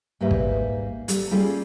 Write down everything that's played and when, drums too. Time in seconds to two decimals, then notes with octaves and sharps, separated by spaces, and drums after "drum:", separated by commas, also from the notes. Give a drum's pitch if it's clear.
0.20 G#2 G3 A#3 B4 E5
0.31 drum: kick
1.08 G3 A4, drum: hi-hat
1.31 G3 A#3 C#4 F4 G#4 A4